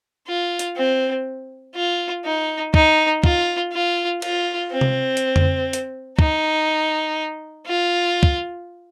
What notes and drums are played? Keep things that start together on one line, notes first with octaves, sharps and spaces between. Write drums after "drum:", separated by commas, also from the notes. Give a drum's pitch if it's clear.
F4
drum: hi-hat
C4
F4
D#4
D#4, drum: kick
F4, drum: kick
F4
F4, drum: cymbal
C4
drum: tom C3
drum: hi-hat
drum: tom F2
drum: hi-hat
D#4, drum: kick
F4
drum: kick